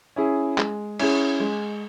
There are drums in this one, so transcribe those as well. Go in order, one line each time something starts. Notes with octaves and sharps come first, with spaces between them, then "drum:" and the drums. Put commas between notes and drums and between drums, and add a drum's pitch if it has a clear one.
C#4 E4 G#4
G#3, drum: clap
C#4 E4 G#4, drum: cymbal
G#3